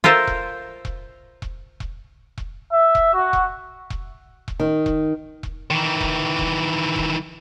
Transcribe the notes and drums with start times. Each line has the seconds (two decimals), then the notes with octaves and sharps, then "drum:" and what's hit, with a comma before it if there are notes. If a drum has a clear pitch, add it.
0.04 F4 A4 A#4 C5 E5
0.27 drum: kick E1
0.85 drum: kick E1
1.42 drum: kick E1
1.80 drum: kick E1
2.38 drum: kick E1
2.72 E5
2.95 drum: kick E1
3.14 F#4
3.33 drum: kick E1
3.90 drum: kick E1
4.48 drum: kick E1
4.60 D#3
4.86 drum: kick E1
5.43 drum: kick E1
5.71 D#3 E3
6.00 drum: kick E1
6.39 drum: kick E1
6.96 drum: kick E1